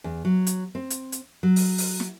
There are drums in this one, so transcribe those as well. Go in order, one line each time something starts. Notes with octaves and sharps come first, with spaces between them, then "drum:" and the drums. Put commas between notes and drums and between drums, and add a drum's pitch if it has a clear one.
E2
F#3
drum: hi-hat
C4
drum: hi-hat
drum: hi-hat
F#3
drum: open hi-hat
drum: open hi-hat
drum: snare